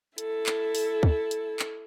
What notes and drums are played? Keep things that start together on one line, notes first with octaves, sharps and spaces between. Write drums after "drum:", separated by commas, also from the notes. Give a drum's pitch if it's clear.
E4 A4, drum: hi-hat
drum: clap
drum: open hi-hat
drum: kick
drum: hi-hat
drum: clap